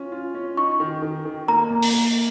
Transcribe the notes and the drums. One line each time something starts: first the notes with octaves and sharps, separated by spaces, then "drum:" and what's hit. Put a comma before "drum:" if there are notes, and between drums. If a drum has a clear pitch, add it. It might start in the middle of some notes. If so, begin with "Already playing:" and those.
Already playing: C#4 F4
F4
C#4
D#4 C#6
D#3
D#3
D#3
A#3 A#5
A#2
drum: open hi-hat
A#3